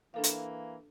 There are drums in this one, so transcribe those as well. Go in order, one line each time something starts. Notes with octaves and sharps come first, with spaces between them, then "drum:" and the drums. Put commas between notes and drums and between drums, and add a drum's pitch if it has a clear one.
E3 A#3 D4 A4 F5
drum: hi-hat